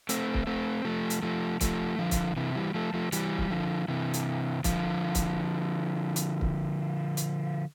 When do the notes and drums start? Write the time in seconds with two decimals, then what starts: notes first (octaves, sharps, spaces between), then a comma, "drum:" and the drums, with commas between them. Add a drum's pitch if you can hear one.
0.09 A3 C4, drum: hi-hat
0.34 drum: kick C#1
0.47 A3 C4
0.85 F3 A3
1.10 drum: hi-hat
1.23 F3 A3
1.61 F3 A3, drum: kick C#1, hi-hat
1.99 D3 F3
2.11 drum: kick C#1, hi-hat
2.36 C3 E3
2.55 E3 G3
2.74 F3 A3
2.94 F3 A3
3.12 E3 G3, drum: hi-hat
3.38 drum: kick C#1
3.50 D3 F3
3.88 C3 E3
4.14 drum: hi-hat
4.64 D3 F3, drum: kick C#1, hi-hat
5.15 drum: kick C#1, hi-hat
6.16 drum: hi-hat
6.41 drum: kick C#1
7.17 drum: hi-hat